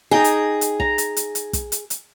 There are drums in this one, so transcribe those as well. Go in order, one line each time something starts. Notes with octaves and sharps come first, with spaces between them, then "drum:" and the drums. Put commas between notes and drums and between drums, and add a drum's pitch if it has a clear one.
D#4 G#4 G5 A#5
drum: hi-hat
drum: hi-hat
A#5, drum: kick
drum: hi-hat
drum: hi-hat
drum: hi-hat
drum: kick, hi-hat
drum: hi-hat
drum: hi-hat